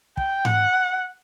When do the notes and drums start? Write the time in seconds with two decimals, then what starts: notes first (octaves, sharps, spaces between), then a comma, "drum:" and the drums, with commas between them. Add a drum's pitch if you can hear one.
0.17 G5, drum: kick
0.45 F#5, drum: tom G#2